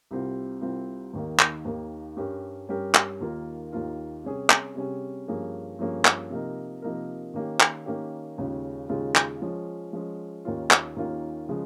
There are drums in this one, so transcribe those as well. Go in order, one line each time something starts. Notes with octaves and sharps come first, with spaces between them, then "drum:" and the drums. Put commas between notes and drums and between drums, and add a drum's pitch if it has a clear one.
C2 C3 G3 C4 F4
C2 C3 G3 C4 F4
D#2 D#3 A#3
drum: clap
D#2 D#3 A#3
G2 G3 C#4 G4 A#4
G2 G3 C#4 G4 A#4
drum: clap
D#2 D#3 A#3 F4 A#4
D#2 D#3 A#3 F4 A#4
C3 G3 C#4 G#4
drum: clap
C3 G3 C#4 G#4
G2 F3 A#3 C#4 G#4
G2 F3 A#3 C#4 G#4
drum: clap
C3 F3 A#3 D#4 A#4
C3 F3 A#3 D#4 A#4
D#3 A#3 C#4 G4
drum: clap
D#3 A#3 C#4 G4
D#2 C#3 G#3 C#4 F4
D#2 C#3 G#3 C#4 F4
drum: clap
F3 G#3 C#4
F3 G#3 C#4
D#2 D#3 A#3 C#4 F4
drum: clap
D#2 D#3 A#3 C#4 F4
C#3 F3 G#3